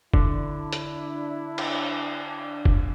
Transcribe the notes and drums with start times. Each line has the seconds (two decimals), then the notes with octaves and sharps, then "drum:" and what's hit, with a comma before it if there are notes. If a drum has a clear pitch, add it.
0.14 D3 D4 E4, drum: kick
0.73 drum: hi-hat
1.58 drum: cymbal
2.65 drum: kick